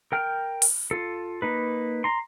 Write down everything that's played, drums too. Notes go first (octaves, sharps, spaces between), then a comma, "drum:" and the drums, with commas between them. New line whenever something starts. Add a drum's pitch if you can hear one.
A#4 G5 F6
drum: open hi-hat
F4 A4
A#3 D#4 B4
A#5 C6